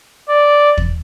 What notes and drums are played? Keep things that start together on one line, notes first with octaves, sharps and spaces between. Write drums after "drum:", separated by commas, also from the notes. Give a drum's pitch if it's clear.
D5
drum: kick